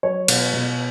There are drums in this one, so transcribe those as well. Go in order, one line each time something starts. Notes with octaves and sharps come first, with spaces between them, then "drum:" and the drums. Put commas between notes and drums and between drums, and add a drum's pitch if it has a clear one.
F#3 C#5
B2, drum: cymbal
B2